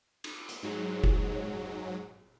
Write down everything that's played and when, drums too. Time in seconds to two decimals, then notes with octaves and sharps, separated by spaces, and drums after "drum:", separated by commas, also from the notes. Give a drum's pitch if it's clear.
0.24 drum: cymbal
0.49 drum: hi-hat
0.63 G#2 F#3 G#4
1.04 drum: kick F1